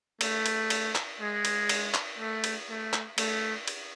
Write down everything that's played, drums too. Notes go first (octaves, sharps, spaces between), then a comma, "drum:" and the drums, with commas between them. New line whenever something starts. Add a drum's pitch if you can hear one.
A3, drum: cymbal
drum: cymbal
drum: cymbal
drum: clap
G#3
drum: cymbal
drum: cymbal
drum: clap
A3
drum: cymbal
A3
drum: clap
A3, drum: cymbal
drum: cymbal